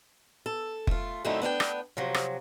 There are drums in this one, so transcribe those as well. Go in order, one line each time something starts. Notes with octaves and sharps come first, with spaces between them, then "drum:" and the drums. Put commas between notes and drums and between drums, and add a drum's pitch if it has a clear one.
A4
A3 F4, drum: kick F1
F#2 D3 A3 C4 D#4 E4
B3 D4 E4 G5
drum: rim click
C3 F3 F#3
drum: rim click